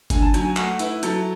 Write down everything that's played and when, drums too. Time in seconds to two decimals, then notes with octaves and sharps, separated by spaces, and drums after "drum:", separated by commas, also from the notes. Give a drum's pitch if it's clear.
0.10 D3 G#5, drum: kick G1, hi-hat
0.22 A5
0.34 F#3 G#5, drum: hi-hat
0.45 G#5
0.56 A3 F#5, drum: clap
0.79 E4 B4, drum: hi-hat
1.03 F#3 A4, drum: hi-hat